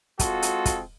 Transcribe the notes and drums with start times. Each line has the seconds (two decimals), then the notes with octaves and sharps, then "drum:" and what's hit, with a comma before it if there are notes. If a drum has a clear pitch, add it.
0.19 G#3 C4 F4 F#4 A4, drum: kick, hi-hat
0.42 drum: hi-hat
0.65 drum: kick, hi-hat